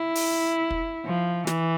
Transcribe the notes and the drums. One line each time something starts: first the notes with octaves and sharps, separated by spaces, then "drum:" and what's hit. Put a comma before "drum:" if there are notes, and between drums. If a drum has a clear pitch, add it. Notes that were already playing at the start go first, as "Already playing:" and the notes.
Already playing: E4
drum: open hi-hat
drum: kick
F3
E3, drum: snare